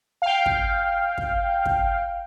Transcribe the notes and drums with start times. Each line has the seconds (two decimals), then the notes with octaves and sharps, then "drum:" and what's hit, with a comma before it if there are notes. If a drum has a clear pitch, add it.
0.22 F5 G5
0.46 drum: kick
1.18 drum: kick
1.66 drum: kick